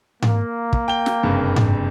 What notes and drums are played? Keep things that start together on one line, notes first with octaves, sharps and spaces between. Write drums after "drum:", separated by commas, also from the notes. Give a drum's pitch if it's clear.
A#3, drum: tom G#2
drum: kick
G5 G7
drum: snare
F#1 G2 C3
drum: tom G#2